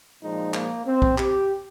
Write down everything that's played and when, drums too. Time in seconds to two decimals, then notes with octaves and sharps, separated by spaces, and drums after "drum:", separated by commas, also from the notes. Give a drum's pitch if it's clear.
0.22 A#2 F3 G#3 D#4
0.54 A#3, drum: clap
0.86 C4
1.02 drum: kick
1.18 G4, drum: clap